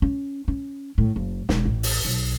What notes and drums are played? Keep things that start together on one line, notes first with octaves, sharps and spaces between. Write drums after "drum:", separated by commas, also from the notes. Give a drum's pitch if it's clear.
C#4
C#4
A2
F#1
E1, drum: snare
A1
drum: open hi-hat
B1